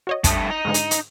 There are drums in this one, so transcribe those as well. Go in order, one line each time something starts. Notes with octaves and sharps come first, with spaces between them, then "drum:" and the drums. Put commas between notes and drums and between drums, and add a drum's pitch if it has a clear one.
F#4 C#5 D#5
G2 A3 A5 D#6, drum: kick, hi-hat
D#4
G#2 D3 G#3
drum: hi-hat
drum: hi-hat